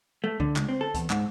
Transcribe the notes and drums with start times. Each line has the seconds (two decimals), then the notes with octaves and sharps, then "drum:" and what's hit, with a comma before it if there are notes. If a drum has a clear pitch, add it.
0.24 A3
0.40 D3, drum: kick C#2
0.56 C#2, drum: clap
0.68 C4
0.81 A4
0.94 E2, drum: kick C#2, hi-hat
1.10 G#2, drum: clap